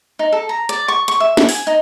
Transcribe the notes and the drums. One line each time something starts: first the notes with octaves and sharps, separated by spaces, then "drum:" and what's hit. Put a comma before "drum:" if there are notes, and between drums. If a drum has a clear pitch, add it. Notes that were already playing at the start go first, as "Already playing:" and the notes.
D#4
A4
A#5
D5, drum: hi-hat
C#6
C#6, drum: hi-hat
E5
drum: snare
G#5, drum: open hi-hat
D#4